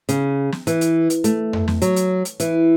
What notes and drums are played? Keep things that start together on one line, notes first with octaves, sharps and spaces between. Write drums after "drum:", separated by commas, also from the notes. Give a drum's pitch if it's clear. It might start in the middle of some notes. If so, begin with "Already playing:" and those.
C#3, drum: hi-hat
drum: snare
E3, drum: hi-hat
drum: hi-hat
drum: hi-hat
A3, drum: hi-hat
drum: tom F2
drum: snare
F#3, drum: hi-hat
drum: hi-hat
drum: hi-hat
E3, drum: hi-hat